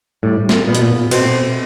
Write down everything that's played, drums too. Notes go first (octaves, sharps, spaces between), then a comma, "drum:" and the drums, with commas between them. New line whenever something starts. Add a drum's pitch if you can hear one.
A2 G3
drum: snare
A#2 B3
B2, drum: hi-hat
A#2
B2 C4, drum: cymbal